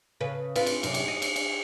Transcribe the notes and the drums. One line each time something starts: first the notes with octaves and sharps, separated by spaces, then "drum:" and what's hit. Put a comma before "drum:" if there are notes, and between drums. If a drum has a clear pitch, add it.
C#3 B4
C4 F4 B4, drum: cymbal
drum: cymbal
F#2 C3, drum: cymbal
drum: cymbal
D#5
drum: cymbal
drum: cymbal